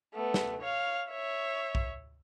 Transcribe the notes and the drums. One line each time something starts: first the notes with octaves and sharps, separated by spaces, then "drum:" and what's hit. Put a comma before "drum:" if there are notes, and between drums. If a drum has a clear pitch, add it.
A3 B3
drum: snare
C#5 F5
C#5 E5
drum: kick B1